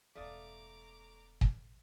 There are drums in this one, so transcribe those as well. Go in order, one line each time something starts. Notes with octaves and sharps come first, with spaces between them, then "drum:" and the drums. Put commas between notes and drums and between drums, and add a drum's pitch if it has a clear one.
E1 G2 A3 D5 F5 A#5 D6 D#6
drum: kick